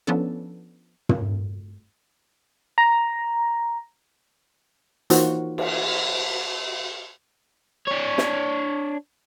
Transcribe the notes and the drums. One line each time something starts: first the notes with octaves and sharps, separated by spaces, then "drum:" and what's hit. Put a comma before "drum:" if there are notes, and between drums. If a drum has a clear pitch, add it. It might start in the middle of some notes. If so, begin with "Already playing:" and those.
F3 B3 C#4 D4 A4
drum: tom
A#5
E3 A#3 D#4 F4 F#4 C5, drum: hi-hat
drum: cymbal
D4 C#5
drum: snare